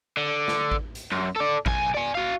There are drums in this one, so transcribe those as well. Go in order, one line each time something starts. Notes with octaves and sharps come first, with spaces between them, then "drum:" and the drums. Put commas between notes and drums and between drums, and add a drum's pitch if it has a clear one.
D3
drum: snare
drum: kick A1
drum: hi-hat
F#2
A4 D5
B1 G#5, drum: kick A1
D5 G#5
F#4 F5